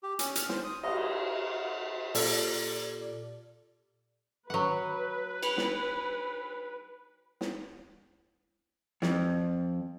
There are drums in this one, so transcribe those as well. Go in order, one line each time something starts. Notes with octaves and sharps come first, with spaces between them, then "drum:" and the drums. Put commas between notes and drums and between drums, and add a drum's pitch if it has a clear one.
G4
C#4, drum: hi-hat
F6, drum: hi-hat
C5, drum: snare
D#6
D#5, drum: cymbal
A#2 F4 G4 A4 D5, drum: open hi-hat
F#3 B4 F#5
drum: cymbal
drum: snare
drum: snare
F2, drum: snare